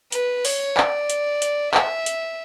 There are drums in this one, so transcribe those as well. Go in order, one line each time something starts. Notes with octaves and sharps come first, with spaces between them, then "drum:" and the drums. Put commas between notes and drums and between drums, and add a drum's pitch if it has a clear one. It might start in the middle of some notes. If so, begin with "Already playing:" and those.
B4, drum: hi-hat
C#5, drum: open hi-hat
D5, drum: clap
drum: hi-hat
drum: hi-hat
E5, drum: clap
drum: hi-hat